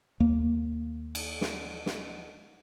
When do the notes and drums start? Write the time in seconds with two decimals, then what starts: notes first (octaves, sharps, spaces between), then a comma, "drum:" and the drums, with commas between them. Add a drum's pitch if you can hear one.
0.20 D#2 A#3
1.15 drum: cymbal
1.41 drum: snare
1.86 drum: snare